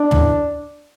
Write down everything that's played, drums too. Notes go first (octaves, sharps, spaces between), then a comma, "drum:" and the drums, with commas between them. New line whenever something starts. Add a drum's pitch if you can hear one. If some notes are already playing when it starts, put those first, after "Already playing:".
Already playing: D4
E2 C#3 E3, drum: tom